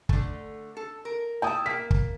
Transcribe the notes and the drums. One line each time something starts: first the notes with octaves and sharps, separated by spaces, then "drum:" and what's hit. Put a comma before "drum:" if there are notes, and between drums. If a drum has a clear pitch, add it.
D3 A3, drum: kick
A4
A#4
E4 E5 G5 A5 D#6
A#3 B6
drum: kick